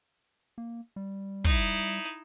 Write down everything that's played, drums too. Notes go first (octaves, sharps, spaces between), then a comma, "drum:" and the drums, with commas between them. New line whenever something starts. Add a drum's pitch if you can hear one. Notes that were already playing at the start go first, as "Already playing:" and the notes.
A#3
G3
D#4 E4, drum: kick